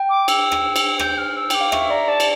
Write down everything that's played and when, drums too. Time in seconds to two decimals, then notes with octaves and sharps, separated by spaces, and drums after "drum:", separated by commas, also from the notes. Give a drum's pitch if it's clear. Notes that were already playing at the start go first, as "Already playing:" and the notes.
Already playing: G5
0.09 D6
0.28 E6, drum: cymbal
0.52 drum: rim click
0.76 drum: cymbal
0.99 G6, drum: rim click
1.18 F6
1.36 E6
1.50 G5 D6, drum: cymbal
1.61 F5
1.72 E5 C#6, drum: rim click
1.90 D5 A#5
2.08 D5 A5
2.20 drum: cymbal